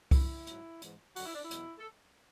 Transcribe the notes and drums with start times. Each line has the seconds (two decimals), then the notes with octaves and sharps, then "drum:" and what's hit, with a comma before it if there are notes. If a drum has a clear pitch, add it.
0.11 F#2 C#3 F#3 E4, drum: kick C2, open hi-hat
0.47 G#2 F#3, drum: hi-hat
0.82 G#2 E3, drum: hi-hat
1.16 F#2 D3 F#3 F#4, drum: open hi-hat
1.24 E4
1.34 D4
1.42 E4
1.51 E2 B2 F#3, drum: hi-hat
1.78 A4